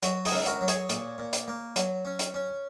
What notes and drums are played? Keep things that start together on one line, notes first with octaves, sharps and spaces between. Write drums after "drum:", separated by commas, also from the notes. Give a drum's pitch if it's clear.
F#3 F#4, drum: hi-hat
D#4 G#4, drum: open hi-hat
C#2
F#4 A#4, drum: hi-hat
F#3
G#4 C#5, drum: hi-hat
A#2, drum: hi-hat
A#2
drum: hi-hat
A#3
F#3, drum: hi-hat
C#4
drum: hi-hat
C#4